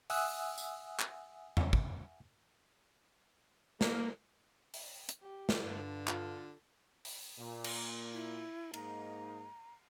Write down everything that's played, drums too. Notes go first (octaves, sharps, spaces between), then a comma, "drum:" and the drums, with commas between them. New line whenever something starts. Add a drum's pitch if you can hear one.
E5 F#5 G#5 D#6 E6 F#6, drum: open hi-hat
drum: tambourine
drum: clap
drum: tom E2
drum: kick
A#3, drum: snare
drum: open hi-hat
drum: hi-hat
G4
drum: snare
G2 D3 F4
F4 A4, drum: clap
drum: open hi-hat
A#2
drum: cymbal
E4
G#2 A#3 D#4 A#5, drum: cymbal